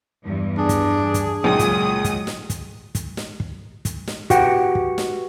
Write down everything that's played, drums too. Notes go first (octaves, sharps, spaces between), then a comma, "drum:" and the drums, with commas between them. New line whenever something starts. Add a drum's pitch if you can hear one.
E2 G2
D4 G#4
drum: kick, hi-hat
drum: kick, hi-hat
C#2 A#2 F#3 G#3 D#6
drum: kick, hi-hat
drum: kick, hi-hat
drum: snare
drum: kick, hi-hat
drum: kick, hi-hat
drum: snare
drum: kick
drum: kick, hi-hat
drum: snare
F#4 G4 B4 F#5 G5, drum: kick, hi-hat
drum: kick
drum: snare